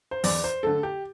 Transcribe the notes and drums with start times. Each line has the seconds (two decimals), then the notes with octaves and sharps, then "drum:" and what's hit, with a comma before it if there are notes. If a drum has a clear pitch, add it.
0.11 C5
0.24 E2 D5, drum: open hi-hat
0.44 C5
0.63 D3 A3 A4
0.83 G4